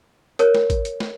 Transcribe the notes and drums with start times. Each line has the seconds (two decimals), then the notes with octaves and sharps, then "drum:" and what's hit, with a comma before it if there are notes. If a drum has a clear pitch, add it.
0.39 A#4 C#5, drum: hi-hat
0.55 drum: snare
0.70 drum: kick, hi-hat
0.85 drum: hi-hat
1.00 drum: snare